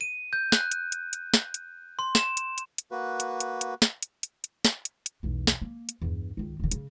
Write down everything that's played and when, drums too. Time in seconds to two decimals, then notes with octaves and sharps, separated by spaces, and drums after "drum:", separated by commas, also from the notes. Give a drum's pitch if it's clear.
0.01 D#7
0.33 G6
0.52 F#6, drum: snare
0.71 drum: hi-hat
0.92 drum: hi-hat
1.13 drum: hi-hat
1.34 drum: snare
1.54 drum: hi-hat
1.99 C6
2.15 E7, drum: snare
2.37 drum: hi-hat
2.58 drum: hi-hat
2.78 drum: hi-hat
2.91 A#3 F#4 B4
3.20 drum: hi-hat
3.40 drum: hi-hat
3.61 drum: hi-hat
3.82 drum: snare
4.03 drum: hi-hat
4.23 drum: hi-hat
4.44 drum: hi-hat
4.65 drum: snare
4.85 drum: hi-hat
5.06 drum: hi-hat
5.23 B1 E2
5.47 drum: snare
5.62 A#3
5.89 drum: hi-hat
6.02 E2 G2
6.37 C#2 D#3
6.60 D#1 D3
6.71 C#3, drum: hi-hat